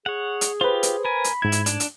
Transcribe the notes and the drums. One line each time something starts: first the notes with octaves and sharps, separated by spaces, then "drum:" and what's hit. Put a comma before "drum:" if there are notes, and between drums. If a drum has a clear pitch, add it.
G#4 C#5 F#5
drum: hi-hat
F4 G4 B4 C5
drum: hi-hat
A#4 G#5 B5
drum: hi-hat
G#2 E4 G#6
drum: hi-hat
D4, drum: hi-hat
drum: hi-hat